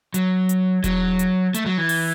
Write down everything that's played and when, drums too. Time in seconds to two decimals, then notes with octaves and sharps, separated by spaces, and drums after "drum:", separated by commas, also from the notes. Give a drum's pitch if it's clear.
0.14 F#3, drum: hi-hat
0.49 drum: hi-hat
0.84 F#3, drum: kick E1, hi-hat
1.19 drum: hi-hat
1.54 A3, drum: hi-hat
1.66 F#3
1.78 E3
1.89 drum: open hi-hat